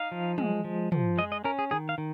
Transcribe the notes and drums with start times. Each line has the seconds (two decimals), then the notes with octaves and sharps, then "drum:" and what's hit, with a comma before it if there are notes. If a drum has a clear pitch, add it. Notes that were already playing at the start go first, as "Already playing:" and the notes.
Already playing: D#4 F5
0.12 F3
0.38 G#3, drum: tom
0.64 F3
0.92 F3, drum: tom
1.18 G#3 D#5
1.32 D#5
1.44 C#4 A#4
1.59 G#4
1.71 D#3 G#4
1.89 F5
1.98 D#3